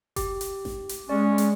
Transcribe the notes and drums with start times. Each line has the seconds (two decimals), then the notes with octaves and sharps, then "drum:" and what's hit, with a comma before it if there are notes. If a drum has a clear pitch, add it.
0.16 G4, drum: kick F1, hi-hat
0.41 drum: hi-hat
0.65 drum: snare G#1
0.89 drum: hi-hat
1.09 G#3 C#4 D5
1.38 drum: hi-hat